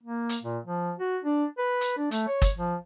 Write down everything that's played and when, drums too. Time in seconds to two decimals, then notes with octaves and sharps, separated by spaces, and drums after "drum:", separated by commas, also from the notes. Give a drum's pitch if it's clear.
0.03 A#3
0.29 drum: hi-hat
0.43 A#2
0.66 F3
0.99 F#4
1.24 D4
1.58 B4
1.81 drum: hi-hat
1.97 D4
2.11 A3, drum: hi-hat
2.28 C#5
2.42 drum: kick, hi-hat
2.57 F3